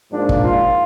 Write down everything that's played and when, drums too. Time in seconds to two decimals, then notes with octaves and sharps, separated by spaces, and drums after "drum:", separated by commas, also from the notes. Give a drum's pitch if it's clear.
0.11 G#2 F3 A#3 D4
0.29 drum: kick
0.42 F4